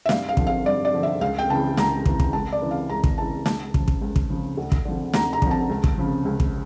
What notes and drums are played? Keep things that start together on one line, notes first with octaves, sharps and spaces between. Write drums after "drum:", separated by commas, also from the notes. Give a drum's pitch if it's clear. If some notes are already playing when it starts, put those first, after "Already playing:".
E5
G2 F5, drum: snare
F5
D3 F3, drum: kick
F5
G2 D5
D5
D3 F3
E5
C#2 F5
G5
C#3 E3 A5
C#2 A#5, drum: snare
C#3 E3, drum: kick
drum: kick
C#2 A5
D5
C#3 E3
F5
C#2 A#5
drum: kick
C#3 E3 A5
C#2 A5, drum: snare
C#3 F3, drum: kick
drum: kick
C#2
drum: kick
C#3 F3
D2
drum: kick
D3 F3
D2 A#5, drum: snare
A#5
D3 F3, drum: kick
A5
C#2
drum: kick
C#3 F3
C#2
drum: kick